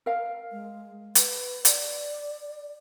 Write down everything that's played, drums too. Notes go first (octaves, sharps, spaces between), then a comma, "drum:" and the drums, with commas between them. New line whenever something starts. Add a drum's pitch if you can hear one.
A#4 F5
G#3
B4, drum: hi-hat
D5, drum: hi-hat